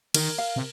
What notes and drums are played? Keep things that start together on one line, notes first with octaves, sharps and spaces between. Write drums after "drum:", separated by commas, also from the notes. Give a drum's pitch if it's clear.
D#3 A#4, drum: cymbal
F5
C3